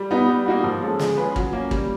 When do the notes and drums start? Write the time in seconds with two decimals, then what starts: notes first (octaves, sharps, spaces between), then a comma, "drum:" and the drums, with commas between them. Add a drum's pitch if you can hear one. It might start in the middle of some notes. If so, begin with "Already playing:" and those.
Already playing: G3
0.11 B3 D#4
0.28 G3
0.46 A#3 D#4 F#4
0.64 F3
0.82 G#3 C#4 F4 A4
0.99 G#3, drum: snare
1.18 C#4 F4 G#4 B4
1.36 F#3, drum: kick
1.53 A#3 C#4
1.71 G3, drum: kick